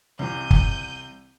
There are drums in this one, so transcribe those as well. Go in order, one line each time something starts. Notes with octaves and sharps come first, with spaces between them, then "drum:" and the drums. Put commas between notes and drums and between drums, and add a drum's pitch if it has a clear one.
C2 C3 E3 G6 D#7
drum: kick